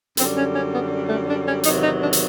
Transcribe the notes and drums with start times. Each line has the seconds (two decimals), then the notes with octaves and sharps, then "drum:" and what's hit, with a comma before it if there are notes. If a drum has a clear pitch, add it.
0.17 F#2 D3 G3 C4, drum: hi-hat
0.36 C#4
0.54 C#4
0.72 B3
1.09 A3
1.27 D4
1.46 C#4
1.63 E2 C3 D#3 F#3 D#4, drum: hi-hat
1.82 D#4
2.01 D4
2.13 drum: hi-hat